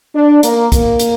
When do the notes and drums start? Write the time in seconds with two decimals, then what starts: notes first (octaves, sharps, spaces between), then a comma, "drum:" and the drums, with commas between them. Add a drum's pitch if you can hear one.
0.15 D4
0.43 A#3, drum: hi-hat
0.72 A#3, drum: kick, hi-hat
0.99 drum: hi-hat